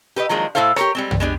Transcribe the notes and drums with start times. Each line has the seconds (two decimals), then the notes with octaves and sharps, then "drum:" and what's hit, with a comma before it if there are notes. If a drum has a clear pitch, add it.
0.16 G4 B4 C#5 D#5
0.29 D#3 F3 F#3 G#3 A#3 D4
0.55 A2 G3 E4 A4 C5 F5
0.76 G4 A#4 C#5, drum: rim click
0.95 G3 G#3 C4
1.11 drum: tom
1.20 G#3 B3 D4 G4